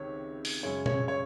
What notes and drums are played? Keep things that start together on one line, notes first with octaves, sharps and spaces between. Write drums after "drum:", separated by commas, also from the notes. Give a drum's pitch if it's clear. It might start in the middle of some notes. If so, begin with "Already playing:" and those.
Already playing: C#2 C3 D#3 C#5
drum: open hi-hat
F#2 C#3 G#3 C#5
C#5, drum: tom B2
C#5